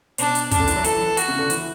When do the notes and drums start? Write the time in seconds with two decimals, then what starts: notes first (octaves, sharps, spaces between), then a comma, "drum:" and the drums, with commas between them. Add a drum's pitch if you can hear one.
0.18 B2 D4, drum: hi-hat
0.35 drum: hi-hat
0.51 C#3 D4, drum: kick, hi-hat
0.60 D3
0.68 E3, drum: hi-hat
0.76 F#3
0.84 E3 A4, drum: hi-hat
0.95 E3
1.06 E3
1.17 E3 F#4, drum: hi-hat
1.28 C#3
1.39 D3
1.50 E3, drum: hi-hat